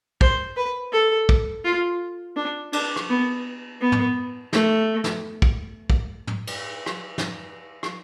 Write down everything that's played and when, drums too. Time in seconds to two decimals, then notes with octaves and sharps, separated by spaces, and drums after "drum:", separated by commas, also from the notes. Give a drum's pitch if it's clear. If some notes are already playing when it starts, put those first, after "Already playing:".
0.21 C5, drum: kick
0.56 B4
0.93 A4
1.29 drum: kick
1.64 F4
2.36 D4
2.73 D4, drum: cymbal
2.96 drum: rim click
3.10 B3
3.81 B3
3.92 drum: tom
4.53 A3, drum: snare
5.04 drum: snare
5.42 drum: kick
5.90 drum: kick
6.27 drum: tom
6.47 drum: cymbal
6.86 drum: rim click
7.18 drum: snare
7.83 drum: rim click